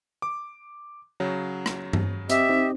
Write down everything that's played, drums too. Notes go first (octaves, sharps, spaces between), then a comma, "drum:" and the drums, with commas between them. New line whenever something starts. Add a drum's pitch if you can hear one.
D6
C#3 F#3
drum: rim click
drum: tom G2
C4 G4 D#5 E5, drum: hi-hat
C4 D#4